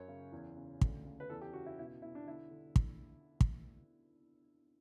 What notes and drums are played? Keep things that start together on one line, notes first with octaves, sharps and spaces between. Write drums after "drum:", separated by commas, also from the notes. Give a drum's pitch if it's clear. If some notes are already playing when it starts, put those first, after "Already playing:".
Already playing: F#2 C#5
C#3
E2
C#3
D2, drum: kick
C#3
B4
E2 A4
G4
C#3 F#4
E4
B2 E4
B2 E4
D4
D3 E4
D3
drum: kick
drum: kick